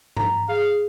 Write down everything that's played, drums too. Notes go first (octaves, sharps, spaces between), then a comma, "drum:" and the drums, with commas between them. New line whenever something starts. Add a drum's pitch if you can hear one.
A#5, drum: tom G2
G#4 F5